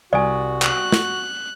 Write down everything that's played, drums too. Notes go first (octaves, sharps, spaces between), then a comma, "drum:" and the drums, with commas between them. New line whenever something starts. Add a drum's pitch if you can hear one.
C2 F#4 D5 G#5 D#6 A6
C#6 F#6, drum: clap
drum: snare